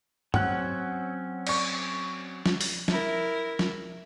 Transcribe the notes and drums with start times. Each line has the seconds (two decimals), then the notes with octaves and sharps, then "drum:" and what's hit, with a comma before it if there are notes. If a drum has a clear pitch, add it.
0.34 F#3 C4 C#4 F#5 F#6, drum: tom G2
1.47 D5 C#6, drum: cymbal
2.46 drum: snare
2.61 drum: open hi-hat
2.88 E4 A#4, drum: snare
3.59 drum: snare